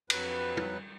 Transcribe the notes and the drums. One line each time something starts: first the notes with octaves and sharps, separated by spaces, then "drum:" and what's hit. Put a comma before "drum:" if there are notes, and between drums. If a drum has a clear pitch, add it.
F2 F#3 B4, drum: cymbal
drum: tom